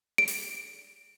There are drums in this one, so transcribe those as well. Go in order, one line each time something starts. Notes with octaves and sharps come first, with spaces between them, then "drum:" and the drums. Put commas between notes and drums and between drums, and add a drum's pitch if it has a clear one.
D7
drum: open hi-hat